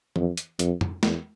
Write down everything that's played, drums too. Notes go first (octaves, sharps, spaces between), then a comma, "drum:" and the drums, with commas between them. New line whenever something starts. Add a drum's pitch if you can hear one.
F2, drum: tom E3
drum: hi-hat
F2, drum: hi-hat
drum: tom F2
E2, drum: snare